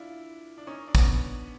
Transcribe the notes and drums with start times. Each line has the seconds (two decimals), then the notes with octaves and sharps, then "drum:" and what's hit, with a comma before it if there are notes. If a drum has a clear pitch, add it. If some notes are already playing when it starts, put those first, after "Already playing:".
Already playing: D4 E4 F4
0.58 D4
0.67 C#4 D#4
0.88 D4
0.95 B3 C#4, drum: kick, tambourine